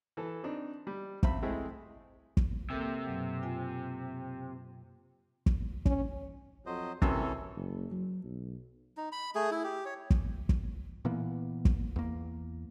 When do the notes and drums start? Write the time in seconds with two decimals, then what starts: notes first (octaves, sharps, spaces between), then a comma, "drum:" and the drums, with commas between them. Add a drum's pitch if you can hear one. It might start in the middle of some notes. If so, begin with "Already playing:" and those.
0.17 E3 A4
0.43 C4 D4 D#4
0.87 G3
1.23 C#2 C4 E5 B5, drum: kick
1.43 G#3 A3 C4 E4 G#4 G5
2.37 drum: kick
2.70 C3 A#3 A4 A#4
3.07 F#2 B2 F#3
3.43 F4 G#5
5.46 drum: kick
5.85 C#4, drum: kick
6.66 F2 F#3 C5 D#5
7.02 F#2 C3 E3 C#4 A4, drum: kick
7.56 F#1
7.92 F#3
8.24 B1
8.97 D#4
9.12 B5
9.35 A3 G#4
9.51 E4
9.64 G4
9.85 C#5
10.10 drum: kick
10.49 drum: kick
11.05 A#2 E3 A#3 B3
11.65 drum: kick
11.96 E2 A#3